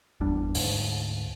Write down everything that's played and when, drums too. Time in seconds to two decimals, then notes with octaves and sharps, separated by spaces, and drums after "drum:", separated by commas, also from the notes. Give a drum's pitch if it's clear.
0.20 G1 E2 G3 D4
0.54 D2 G#2, drum: open hi-hat